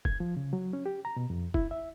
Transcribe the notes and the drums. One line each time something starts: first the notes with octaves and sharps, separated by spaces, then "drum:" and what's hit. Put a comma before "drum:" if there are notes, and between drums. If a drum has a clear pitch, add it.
G#6, drum: kick
F3
C#3
F#3
C#4
G4
A#5
B2
F2
E4, drum: kick
E5